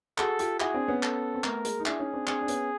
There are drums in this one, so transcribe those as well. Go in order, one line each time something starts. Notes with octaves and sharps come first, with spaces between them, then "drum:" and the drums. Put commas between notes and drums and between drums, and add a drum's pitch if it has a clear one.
F#4 G#4 A4, drum: clap
F4 G4, drum: hi-hat
E4 F#4 G#4, drum: clap
C4 D4
B3 C#4
A4, drum: clap
C4
A3 B3 A#4, drum: clap
G#3 A#3, drum: hi-hat
D#4
D4 E4 G#4, drum: clap
C#4 D#4
C4 D4
C4 D4 G#4, drum: clap
D4
B3 C#4, drum: hi-hat